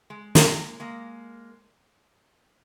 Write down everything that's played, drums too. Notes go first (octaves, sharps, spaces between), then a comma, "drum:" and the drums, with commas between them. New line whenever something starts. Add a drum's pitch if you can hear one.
G#3
drum: snare
G#3 A#3
G#3 A#3